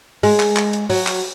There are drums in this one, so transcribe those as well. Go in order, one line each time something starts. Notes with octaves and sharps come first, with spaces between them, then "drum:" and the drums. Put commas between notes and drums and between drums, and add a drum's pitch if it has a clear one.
G#3, drum: open hi-hat
drum: clap
drum: clap
drum: hi-hat
F#3, drum: open hi-hat
drum: clap